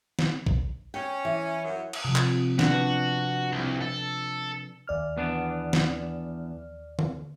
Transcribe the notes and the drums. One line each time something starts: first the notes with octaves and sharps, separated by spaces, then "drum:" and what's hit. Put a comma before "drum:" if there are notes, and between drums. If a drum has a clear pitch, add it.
drum: snare
drum: kick
C#4 G5
E3
F#2
drum: cymbal
C3 F3
drum: clap
D4 F#4 B4, drum: snare
C2
A4
D#2 D5 F6
E2 B3 D4
drum: snare
drum: tom D3